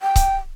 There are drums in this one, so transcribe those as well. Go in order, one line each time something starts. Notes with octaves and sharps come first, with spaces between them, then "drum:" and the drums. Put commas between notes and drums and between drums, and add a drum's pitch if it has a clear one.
G5
drum: kick C#1, hi-hat